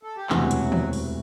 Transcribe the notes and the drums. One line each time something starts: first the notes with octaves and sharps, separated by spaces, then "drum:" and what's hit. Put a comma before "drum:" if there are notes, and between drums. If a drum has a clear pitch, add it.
A4
G4
E1 D2 C3 E3 F#3 F#4, drum: clap
drum: hi-hat
drum: tom D3
drum: open hi-hat